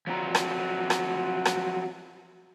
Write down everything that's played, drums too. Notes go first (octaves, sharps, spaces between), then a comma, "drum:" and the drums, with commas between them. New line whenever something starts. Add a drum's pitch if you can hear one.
F3 F#3 C4 A#5
drum: rim click
drum: rim click
drum: rim click